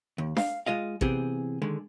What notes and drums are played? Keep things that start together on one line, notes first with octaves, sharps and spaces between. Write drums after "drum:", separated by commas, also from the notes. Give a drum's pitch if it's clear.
D#2
F5, drum: snare D4
G#3 F4 D#5 F5
C3 E3 B3 C4 G4 G#4, drum: kick
D3 D#3 G#3